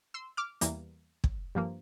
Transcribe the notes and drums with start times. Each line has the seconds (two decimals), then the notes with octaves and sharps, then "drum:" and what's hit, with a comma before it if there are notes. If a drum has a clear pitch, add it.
0.14 C6 E6
0.37 D6 F6
0.61 E2 E3 G3 A#3, drum: hi-hat
1.24 drum: kick
1.55 G2 F3 A#3